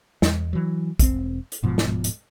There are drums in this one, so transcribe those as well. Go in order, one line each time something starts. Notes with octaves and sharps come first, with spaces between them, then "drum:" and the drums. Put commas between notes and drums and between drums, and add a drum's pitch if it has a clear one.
E2, drum: snare
E3 F#3
E1 C4, drum: kick A#1, hi-hat
drum: hi-hat
D1 G#2 B2 F3
drum: snare
drum: hi-hat